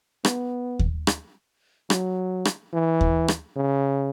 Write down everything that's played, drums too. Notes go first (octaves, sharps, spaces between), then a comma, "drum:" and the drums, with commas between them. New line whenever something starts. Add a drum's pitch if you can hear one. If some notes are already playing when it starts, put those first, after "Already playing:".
B3, drum: rim click
drum: kick D#2
drum: rim click
F#3, drum: rim click
drum: rim click
E3
drum: kick D#2
drum: rim click
C#3